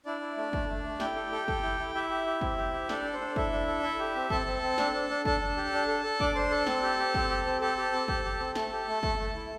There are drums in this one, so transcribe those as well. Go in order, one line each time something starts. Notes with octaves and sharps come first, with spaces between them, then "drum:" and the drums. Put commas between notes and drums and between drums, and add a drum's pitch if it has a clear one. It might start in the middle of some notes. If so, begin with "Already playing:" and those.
D4 E4 D5
E4
A3
A3, drum: kick
A3
A3
E4 G4 G5, drum: snare
A4
A4
A4, drum: kick
E4
E4
E4 G4 E5
G4
G4
C4, drum: kick
G4
G4
D4 A4 D5, drum: snare
A4
C5
D4
D5
E4 A4 E5, drum: kick
D4
A4
E4
G4
C4
C4 A4 A5, drum: kick
C4
C4
D4, drum: snare
D4
D4
D4 A4 A5, drum: kick
D4
G4
D4
A4
A4
D4 D5 D6, drum: kick
D4 C5 C6
A4 A5
C4, drum: snare
G4
G4
C4, drum: kick
G4
C4
G4 A4 A5
G4
C4
G4, drum: kick
G4
C4
A3 A4 A5, drum: snare
G4
A3
A3, drum: kick
A3
E4